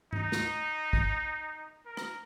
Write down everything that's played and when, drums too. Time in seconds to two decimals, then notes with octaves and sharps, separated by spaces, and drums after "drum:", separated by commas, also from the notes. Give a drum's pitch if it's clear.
0.13 D#4, drum: tom G#2
0.32 drum: snare
0.93 drum: kick
1.86 A#4
1.97 drum: rim click